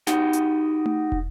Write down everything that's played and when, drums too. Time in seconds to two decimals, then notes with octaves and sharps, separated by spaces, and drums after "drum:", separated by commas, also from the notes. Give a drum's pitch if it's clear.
0.07 D#4 F#4 G4, drum: snare
0.33 drum: hi-hat
0.86 drum: tom A3
1.12 drum: kick